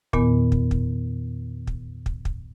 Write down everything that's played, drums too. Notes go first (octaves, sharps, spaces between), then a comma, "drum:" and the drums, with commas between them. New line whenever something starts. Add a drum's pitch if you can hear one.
E2 A#2 D#3 B3, drum: kick
drum: kick
drum: kick
drum: kick
drum: kick
drum: kick